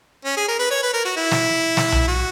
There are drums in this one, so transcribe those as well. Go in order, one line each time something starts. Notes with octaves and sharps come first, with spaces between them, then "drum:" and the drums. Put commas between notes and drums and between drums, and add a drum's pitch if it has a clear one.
C#4
G#4
A#4
B4
C#5
B4
A#4
F#4
E4
drum: snare
drum: snare
drum: tom B1
F#4